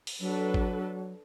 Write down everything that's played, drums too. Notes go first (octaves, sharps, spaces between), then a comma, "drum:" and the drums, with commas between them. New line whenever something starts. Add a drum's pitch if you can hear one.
drum: open hi-hat
F#3 D4 A4 B4
drum: kick G#1